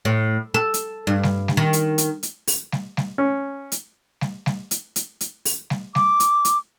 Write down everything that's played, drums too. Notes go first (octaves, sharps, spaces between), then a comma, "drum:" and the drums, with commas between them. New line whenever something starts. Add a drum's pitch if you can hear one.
A2
A4
drum: hi-hat
G2
drum: snare G3
drum: snare G3
D#3
drum: hi-hat
drum: hi-hat
drum: hi-hat
drum: open hi-hat
drum: snare G3
drum: snare G3
C#4
drum: hi-hat
drum: snare G3
drum: snare G3
drum: hi-hat
drum: hi-hat
drum: hi-hat
drum: open hi-hat
drum: snare G3
D6, drum: snare G3
drum: hi-hat
drum: hi-hat